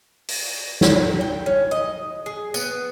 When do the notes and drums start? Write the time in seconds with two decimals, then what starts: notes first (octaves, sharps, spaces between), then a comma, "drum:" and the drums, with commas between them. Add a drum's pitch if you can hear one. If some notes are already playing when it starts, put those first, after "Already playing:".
0.29 drum: open hi-hat
0.81 drum: snare
1.21 G5
1.46 C#4
1.71 D#5
2.26 G#4
2.54 B3, drum: tambourine